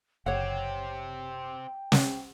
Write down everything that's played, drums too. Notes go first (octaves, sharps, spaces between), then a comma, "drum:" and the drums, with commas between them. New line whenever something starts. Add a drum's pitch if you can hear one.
F#1 C4 G4 C#5 F#5 G5
drum: snare